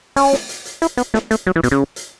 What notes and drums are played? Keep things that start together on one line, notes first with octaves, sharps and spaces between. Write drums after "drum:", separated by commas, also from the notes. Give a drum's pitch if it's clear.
C#4, drum: open hi-hat
drum: snare
drum: hi-hat
drum: hi-hat
E4, drum: hi-hat
B3, drum: hi-hat
A3, drum: snare
A3, drum: hi-hat
F#3
E3
B2, drum: hi-hat
C#3
drum: hi-hat